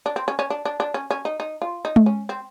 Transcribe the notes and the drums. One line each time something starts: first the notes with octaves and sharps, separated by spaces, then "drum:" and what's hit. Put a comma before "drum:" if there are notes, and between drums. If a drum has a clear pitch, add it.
D4
C4
C#4
C#4
D4
D4
D4
C#4
C#4
D#4
D#4
F4
D#4
drum: tom G#3
C#4
C4